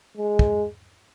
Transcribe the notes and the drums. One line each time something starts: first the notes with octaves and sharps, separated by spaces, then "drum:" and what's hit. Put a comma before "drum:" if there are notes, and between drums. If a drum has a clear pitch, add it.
G#3
drum: kick